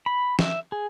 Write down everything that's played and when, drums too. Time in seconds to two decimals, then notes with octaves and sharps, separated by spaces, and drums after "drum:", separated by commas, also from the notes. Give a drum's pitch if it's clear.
0.06 B5
0.39 E5, drum: snare
0.72 G#4